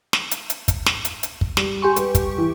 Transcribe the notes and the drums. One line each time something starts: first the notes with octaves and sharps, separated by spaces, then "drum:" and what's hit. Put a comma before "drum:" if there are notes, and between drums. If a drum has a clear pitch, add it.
drum: snare
drum: hi-hat
drum: hi-hat
drum: kick, hi-hat
drum: snare
drum: hi-hat
drum: hi-hat
drum: kick
G3, drum: snare
G4 G#5 C6 C#6
G3 B4, drum: hi-hat
drum: kick, hi-hat
E3